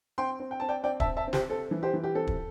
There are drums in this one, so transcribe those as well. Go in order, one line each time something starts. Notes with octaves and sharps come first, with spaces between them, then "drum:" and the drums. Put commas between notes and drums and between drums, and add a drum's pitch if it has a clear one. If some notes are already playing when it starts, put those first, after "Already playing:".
C4 G5 C6
C4
G5
C4 A5
D5 G5
C4 D5 G5
E5 A5, drum: kick
C4
E5 A5
C4
G4 C5, drum: snare
C4 A4
E3
G4 C5
E3
G4
C4 A4
drum: kick